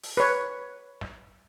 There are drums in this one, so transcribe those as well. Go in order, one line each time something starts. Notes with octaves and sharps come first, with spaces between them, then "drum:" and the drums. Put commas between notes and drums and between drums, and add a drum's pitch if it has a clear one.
drum: open hi-hat
B4 C#5
drum: snare